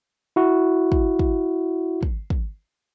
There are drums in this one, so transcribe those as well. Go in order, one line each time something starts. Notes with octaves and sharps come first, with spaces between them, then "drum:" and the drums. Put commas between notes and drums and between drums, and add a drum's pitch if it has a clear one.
E4 F#4
drum: kick
drum: kick
drum: kick
drum: kick